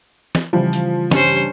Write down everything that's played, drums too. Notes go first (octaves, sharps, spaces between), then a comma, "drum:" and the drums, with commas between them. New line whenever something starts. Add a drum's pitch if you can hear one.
drum: snare
C#3 E3 F3 G3
drum: hi-hat
G2 C#4 C5, drum: snare